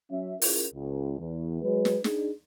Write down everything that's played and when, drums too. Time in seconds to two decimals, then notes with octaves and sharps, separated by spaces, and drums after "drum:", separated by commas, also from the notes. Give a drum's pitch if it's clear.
0.11 F#3 C#4 E5
0.42 C#4 E4 F4 G#4 A#4, drum: open hi-hat
0.74 C#2
1.19 E2
1.63 F#3 G#3 B4
1.85 drum: snare
2.04 D4 D#4 G#4, drum: snare